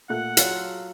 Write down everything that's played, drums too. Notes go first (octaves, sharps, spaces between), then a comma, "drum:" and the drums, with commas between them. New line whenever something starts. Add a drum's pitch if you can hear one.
A#2 A3 F#5 F#6
F#3 F4 G#4 A4, drum: hi-hat